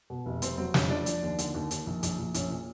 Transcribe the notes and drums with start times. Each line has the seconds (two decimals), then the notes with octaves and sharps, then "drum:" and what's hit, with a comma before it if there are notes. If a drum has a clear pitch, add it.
0.10 B2
0.26 F1
0.42 F1 C4, drum: hi-hat
0.58 F#3 C4
0.74 F1 C#4, drum: snare
0.90 F3 D4
1.06 F3, drum: hi-hat
1.23 D#2
1.39 D3, drum: hi-hat
1.54 D#2
1.71 D#2, drum: hi-hat
1.87 A#1
2.03 A#1, drum: hi-hat
2.19 A#1
2.34 A#1 C#4, drum: hi-hat
2.51 A#2